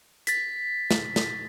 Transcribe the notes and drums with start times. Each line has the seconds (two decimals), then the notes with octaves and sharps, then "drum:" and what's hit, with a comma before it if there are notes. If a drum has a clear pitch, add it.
0.27 A6 B6, drum: hi-hat
0.91 drum: snare
1.16 drum: snare